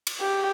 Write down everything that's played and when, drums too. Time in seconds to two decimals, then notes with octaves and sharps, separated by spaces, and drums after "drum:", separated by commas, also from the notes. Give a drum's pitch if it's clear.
0.07 drum: cymbal
0.21 G4